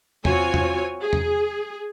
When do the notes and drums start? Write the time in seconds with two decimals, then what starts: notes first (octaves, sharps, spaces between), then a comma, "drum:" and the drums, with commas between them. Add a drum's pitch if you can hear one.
0.25 C4 F4 F#4 C#5 G#5, drum: tom E2
0.54 drum: tom E2
1.01 G#4
1.13 drum: tom E2